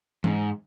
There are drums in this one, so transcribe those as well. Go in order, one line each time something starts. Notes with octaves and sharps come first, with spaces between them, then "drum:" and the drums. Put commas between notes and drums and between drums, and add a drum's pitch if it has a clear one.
G#2, drum: tom E3